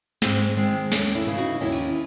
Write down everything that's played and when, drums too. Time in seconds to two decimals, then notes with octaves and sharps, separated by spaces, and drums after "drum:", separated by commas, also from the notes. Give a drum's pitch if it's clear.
0.22 G#2 G#3 C4, drum: snare
0.57 D#3 G#3 C4
0.92 D#2 A3 C#4, drum: snare
1.15 C#4 E4
1.26 C#3 E3
1.37 D#4 F#4
1.61 D#2 C#4 E4
1.72 drum: cymbal